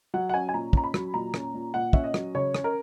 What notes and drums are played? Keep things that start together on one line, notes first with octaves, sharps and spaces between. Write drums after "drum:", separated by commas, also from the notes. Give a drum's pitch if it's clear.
F#3 F#5
F#5
C#4 G#5
G#5
A#2 A#5
C#4 A#5, drum: kick
B5
F#3, drum: rim click
A#2 A#5
C#4, drum: rim click
A#2
A#2 F#5
C#4 E5, drum: kick
D#5
F#3, drum: rim click
C#3 C#5
C#4, drum: rim click
A#4